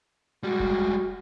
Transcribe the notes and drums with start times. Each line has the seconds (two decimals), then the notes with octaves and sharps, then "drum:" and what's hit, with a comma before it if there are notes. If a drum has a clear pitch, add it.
0.43 G3 G#3 F#4
0.60 drum: kick F1